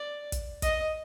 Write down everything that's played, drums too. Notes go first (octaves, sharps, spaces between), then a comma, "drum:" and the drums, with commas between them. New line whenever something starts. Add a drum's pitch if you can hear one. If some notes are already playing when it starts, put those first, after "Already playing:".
Already playing: D5
drum: kick, hi-hat
D#5, drum: kick, hi-hat